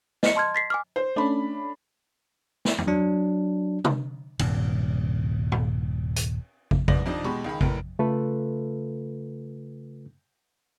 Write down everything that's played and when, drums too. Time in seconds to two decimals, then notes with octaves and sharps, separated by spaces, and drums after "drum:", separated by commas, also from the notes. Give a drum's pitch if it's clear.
0.23 D#5 C#7, drum: snare
0.36 A5 C6 F6 G#6
0.55 A6 B6 C7
0.70 G#5 D6 F6
0.96 C5
1.16 A3 C#4 D4 B5
2.65 drum: snare
2.78 drum: tom E2
2.87 F#3 D4
3.84 drum: tom C3
4.39 D#1 G2 C3, drum: cymbal
5.52 drum: tom
6.16 drum: hi-hat
6.71 drum: kick
6.88 C2 G#2 B3 D5 A#6 F#7, drum: kick
7.06 F2 C3 F3 D4 D#4
7.24 E2 B2 G#3 G4 B5 C#6
7.44 C#2 D#3 G#4 B5
7.61 F1 A2 A#4 B4 D7, drum: kick
7.99 C#3 A3 F4 A4 B4